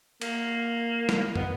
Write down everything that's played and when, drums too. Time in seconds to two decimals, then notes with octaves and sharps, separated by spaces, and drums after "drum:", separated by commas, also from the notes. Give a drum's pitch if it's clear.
0.21 A#3, drum: cymbal
1.09 drum: snare
1.36 B3, drum: tom